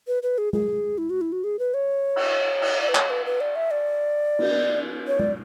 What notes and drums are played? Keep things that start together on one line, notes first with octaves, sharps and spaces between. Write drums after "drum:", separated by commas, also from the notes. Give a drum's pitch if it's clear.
B4
B4
G#4
G#4, drum: tom G#3
E4
F#4
E4
F#4
G#4
B4
C#5
drum: cymbal
drum: cymbal
D5
B4
C#5, drum: clap
B4
B4
D5
E5
D5
drum: cymbal
C#5
D5, drum: tom G#3